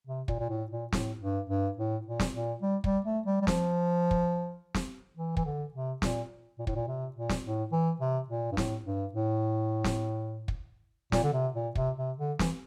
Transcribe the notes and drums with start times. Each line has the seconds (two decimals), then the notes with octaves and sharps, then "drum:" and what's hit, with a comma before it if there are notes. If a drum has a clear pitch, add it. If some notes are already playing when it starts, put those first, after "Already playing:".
0.07 C3
0.28 A#2, drum: kick
0.39 A#2
0.49 A2
0.71 A#2
0.92 A2, drum: snare
1.20 G2
1.49 G2
1.77 A2
2.06 A#2
2.20 drum: snare
2.34 A#2
2.62 G3
2.84 G3, drum: kick
3.04 A3
3.26 G3
3.41 G3
3.47 F3, drum: snare
4.11 drum: kick
4.74 drum: snare
5.17 E3
5.37 E3, drum: kick
5.45 D3
5.74 C3
6.02 A#2, drum: snare
6.58 A#2
6.67 A2, drum: kick
6.75 A#2
6.88 C3
7.16 A#2
7.29 drum: snare
7.44 A2
7.72 E3
8.00 C3
8.28 A#2
8.52 G2
8.57 A2, drum: snare
8.86 G2
9.13 A2
9.84 drum: snare
10.48 drum: kick
11.12 A#2, drum: snare
11.23 D3
11.33 C3
11.54 A#2
11.75 C3, drum: kick
11.97 C3
12.18 D3
12.39 E3, drum: snare